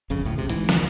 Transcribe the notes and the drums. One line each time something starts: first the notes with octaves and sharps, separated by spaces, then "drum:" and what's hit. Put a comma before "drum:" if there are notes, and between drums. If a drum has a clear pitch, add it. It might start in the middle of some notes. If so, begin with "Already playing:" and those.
G1 F2 C#3
D2 A2
A#1 C3
G#2 E3, drum: hi-hat
D2, drum: snare